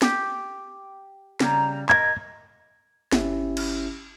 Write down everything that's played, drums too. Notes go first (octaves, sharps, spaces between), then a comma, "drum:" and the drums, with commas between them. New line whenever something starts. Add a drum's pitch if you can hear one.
G4, drum: snare
C#3 G3 A#5, drum: snare
A#4 D#5 G#6, drum: clap
G1 C#4 E4 G4 E5, drum: snare
drum: cymbal